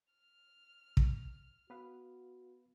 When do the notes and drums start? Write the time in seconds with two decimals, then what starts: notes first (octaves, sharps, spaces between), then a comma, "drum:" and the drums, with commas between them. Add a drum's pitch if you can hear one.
0.13 F6
0.97 drum: kick
1.70 B3 F#4 B4 F5